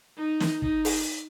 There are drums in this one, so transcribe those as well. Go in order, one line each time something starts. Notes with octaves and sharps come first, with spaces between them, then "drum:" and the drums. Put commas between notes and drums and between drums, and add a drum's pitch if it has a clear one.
D#4
drum: snare
D#4, drum: kick
drum: open hi-hat